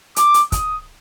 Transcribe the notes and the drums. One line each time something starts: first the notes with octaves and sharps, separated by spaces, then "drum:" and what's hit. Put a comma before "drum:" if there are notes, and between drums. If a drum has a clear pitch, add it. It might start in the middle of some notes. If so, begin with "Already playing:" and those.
D6, drum: hi-hat
drum: hi-hat
D#6, drum: kick, hi-hat